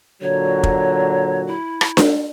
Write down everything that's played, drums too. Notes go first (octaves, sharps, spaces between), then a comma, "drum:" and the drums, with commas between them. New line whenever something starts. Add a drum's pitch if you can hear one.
A#2 D3 F#3 C#5
drum: kick
E4
drum: rim click
drum: snare D4